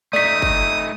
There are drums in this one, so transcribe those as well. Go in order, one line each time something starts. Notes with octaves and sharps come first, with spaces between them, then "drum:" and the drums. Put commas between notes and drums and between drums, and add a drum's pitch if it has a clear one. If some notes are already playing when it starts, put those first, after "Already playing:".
A3 D#4 D5 D#6 B6
drum: kick